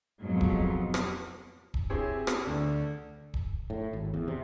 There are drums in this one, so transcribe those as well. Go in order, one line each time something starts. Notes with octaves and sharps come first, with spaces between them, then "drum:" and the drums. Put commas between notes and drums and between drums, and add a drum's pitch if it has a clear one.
F2 G#2 B2 F#3
drum: kick
drum: rim click
drum: kick
C4 E4 G4 G#4 C#5
drum: rim click
D2 D4
drum: kick
A2
G#1
E2
C3